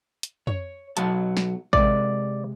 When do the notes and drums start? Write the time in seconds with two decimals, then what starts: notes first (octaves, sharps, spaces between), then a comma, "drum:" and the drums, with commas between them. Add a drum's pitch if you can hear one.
0.23 drum: hi-hat
0.47 C#5, drum: tom F2
0.97 B1 F#3 A5, drum: hi-hat
1.37 drum: snare
1.73 C3 G#3 D5, drum: kick A1